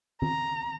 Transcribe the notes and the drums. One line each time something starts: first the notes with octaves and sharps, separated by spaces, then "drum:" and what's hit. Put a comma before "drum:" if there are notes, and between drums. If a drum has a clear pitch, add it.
A#5, drum: tom